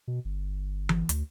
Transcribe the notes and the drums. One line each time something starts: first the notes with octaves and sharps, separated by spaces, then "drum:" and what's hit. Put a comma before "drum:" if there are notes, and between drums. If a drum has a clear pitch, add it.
B2
G1
drum: tom E3
D2, drum: hi-hat